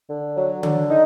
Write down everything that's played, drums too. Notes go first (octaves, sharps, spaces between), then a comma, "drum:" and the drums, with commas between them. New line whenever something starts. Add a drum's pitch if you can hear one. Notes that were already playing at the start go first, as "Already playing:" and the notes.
D3
F#3
D3, drum: tom D3
D#4